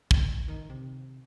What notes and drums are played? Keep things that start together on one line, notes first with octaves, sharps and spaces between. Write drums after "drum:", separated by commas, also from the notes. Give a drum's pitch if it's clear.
C#2, drum: kick
D#3
C3